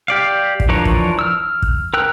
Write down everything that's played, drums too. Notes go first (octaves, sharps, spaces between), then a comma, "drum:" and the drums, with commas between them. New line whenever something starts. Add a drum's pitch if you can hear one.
G4 D5 F5
drum: kick
E3 F3 D4 A#4 C#5
drum: kick
E6 F6
drum: kick
A#4 G5 E6 F#6